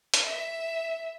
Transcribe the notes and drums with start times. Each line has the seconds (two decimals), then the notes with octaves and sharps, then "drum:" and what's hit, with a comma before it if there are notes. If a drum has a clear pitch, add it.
0.14 drum: hi-hat
0.24 E5